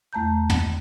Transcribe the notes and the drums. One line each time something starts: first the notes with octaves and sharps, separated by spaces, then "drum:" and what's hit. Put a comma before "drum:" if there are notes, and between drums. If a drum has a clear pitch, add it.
E2 A3 A5 A#5 G6
drum: tom